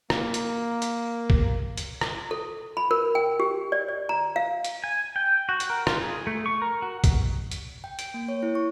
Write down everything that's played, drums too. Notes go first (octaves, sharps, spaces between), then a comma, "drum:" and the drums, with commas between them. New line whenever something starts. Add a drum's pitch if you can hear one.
A#3, drum: rim click
drum: hi-hat
drum: hi-hat
drum: kick
drum: hi-hat
drum: rim click
A4
B5
A#4
G5
G4
D5
D5
A#5
F5
drum: hi-hat
G#5
G5
F#4
drum: hi-hat
A#4
F4, drum: rim click
G#4
A3
C#6
A#4
F#4
drum: kick, hi-hat
drum: hi-hat
G5
D7, drum: hi-hat
A#3
C#5
E4
C#6